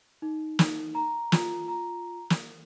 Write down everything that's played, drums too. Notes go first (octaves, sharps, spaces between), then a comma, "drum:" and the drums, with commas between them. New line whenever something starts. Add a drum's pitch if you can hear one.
D#4
D#4, drum: snare
A#5
F4, drum: snare
A#5
drum: snare